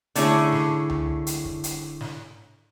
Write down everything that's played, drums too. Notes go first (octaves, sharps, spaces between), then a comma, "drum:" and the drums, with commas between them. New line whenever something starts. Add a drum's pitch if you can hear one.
D3 A3 C#4 E4 G#4, drum: hi-hat
drum: snare
drum: tom C#2
drum: hi-hat
drum: kick
drum: hi-hat
drum: snare